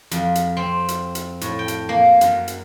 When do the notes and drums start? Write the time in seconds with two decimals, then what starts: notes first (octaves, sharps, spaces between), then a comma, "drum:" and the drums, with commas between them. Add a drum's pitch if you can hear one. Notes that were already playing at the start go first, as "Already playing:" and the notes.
0.11 F2, drum: hi-hat
0.35 drum: hi-hat
0.57 C4
0.88 drum: hi-hat
1.15 drum: hi-hat
1.41 A2, drum: hi-hat
1.59 G5
1.68 drum: hi-hat
1.89 A#3
2.21 F#2, drum: hi-hat
2.48 drum: hi-hat